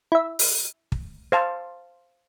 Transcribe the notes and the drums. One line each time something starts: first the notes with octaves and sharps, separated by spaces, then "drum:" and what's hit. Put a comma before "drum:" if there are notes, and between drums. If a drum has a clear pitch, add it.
E4 E5
drum: open hi-hat
drum: kick
C5 F5 A5